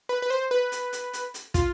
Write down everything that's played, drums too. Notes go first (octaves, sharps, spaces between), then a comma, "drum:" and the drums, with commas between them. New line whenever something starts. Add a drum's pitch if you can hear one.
B4
B4
C5
B4
drum: hi-hat
drum: hi-hat
drum: hi-hat
drum: hi-hat
F4, drum: kick, hi-hat